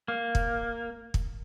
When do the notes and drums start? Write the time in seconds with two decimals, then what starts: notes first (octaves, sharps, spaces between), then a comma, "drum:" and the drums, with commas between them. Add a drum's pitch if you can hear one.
0.08 A#3
0.35 drum: kick
1.14 drum: kick